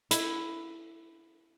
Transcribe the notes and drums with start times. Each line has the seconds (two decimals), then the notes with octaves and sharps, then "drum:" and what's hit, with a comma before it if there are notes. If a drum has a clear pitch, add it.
0.11 E4, drum: hi-hat